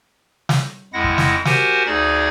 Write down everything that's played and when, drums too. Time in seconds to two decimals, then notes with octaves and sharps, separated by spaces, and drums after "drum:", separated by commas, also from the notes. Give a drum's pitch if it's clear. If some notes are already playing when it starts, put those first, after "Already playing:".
0.49 drum: snare
0.93 F2 G#3 E4 F#5 A#6
1.04 drum: kick
1.18 drum: snare
1.45 F#4 G4 A#4 C5 F#5 G#5, drum: snare
1.87 D2 D#4 G#4 D5 G#6 A6